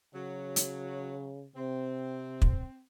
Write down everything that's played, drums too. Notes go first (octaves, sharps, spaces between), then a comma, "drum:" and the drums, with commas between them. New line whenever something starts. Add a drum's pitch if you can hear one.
C#3 F#3
drum: hi-hat
C3 C4
drum: kick